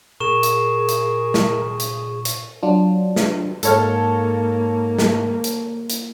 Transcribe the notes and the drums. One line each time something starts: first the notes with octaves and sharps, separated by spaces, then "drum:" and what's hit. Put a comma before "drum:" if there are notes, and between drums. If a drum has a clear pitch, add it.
A#2 G#4 A#4 C#6 E7
drum: hi-hat
drum: hi-hat
drum: snare
drum: hi-hat
drum: hi-hat
F#3 D4 F4
drum: snare
G#2 A#3 A4 C#5 F6, drum: hi-hat
drum: snare
drum: hi-hat
drum: hi-hat